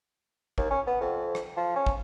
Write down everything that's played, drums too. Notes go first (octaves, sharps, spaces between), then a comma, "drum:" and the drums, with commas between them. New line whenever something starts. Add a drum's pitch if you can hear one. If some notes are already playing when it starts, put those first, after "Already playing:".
D#2, drum: kick
C#4
B3
F2
drum: rim click
F3
C#4
drum: kick